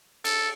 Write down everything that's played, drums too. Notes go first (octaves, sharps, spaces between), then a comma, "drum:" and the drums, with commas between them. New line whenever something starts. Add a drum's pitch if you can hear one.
A4, drum: cymbal